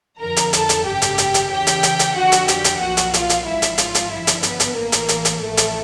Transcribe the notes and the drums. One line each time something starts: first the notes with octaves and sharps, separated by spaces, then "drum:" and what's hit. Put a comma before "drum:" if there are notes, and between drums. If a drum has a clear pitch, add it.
F2 D3 F3 A#4 A#5
drum: hi-hat
A4 A5, drum: hi-hat
drum: hi-hat
G#1 F#2 C#3 G4 G5
drum: hi-hat
drum: hi-hat
drum: hi-hat
E2 C#3 E3 G4 G5
drum: hi-hat
drum: hi-hat
drum: hi-hat
F2 D3 F3 F#4 F#5
drum: hi-hat
G4 G5, drum: hi-hat
drum: hi-hat
B1 A#2 F3 F#4 F#5
drum: hi-hat
F4 F5, drum: hi-hat
drum: hi-hat
G#1 G#2 F3 E4 E5
drum: hi-hat
F4 F5, drum: hi-hat
drum: hi-hat
G#1 G2 D3 F3 E4 E5
drum: hi-hat
B3 B4, drum: hi-hat
drum: hi-hat
A1 A2 E3 A#3 A#4
drum: hi-hat
drum: hi-hat
drum: hi-hat
A1 A2 F3 A3 A4
drum: hi-hat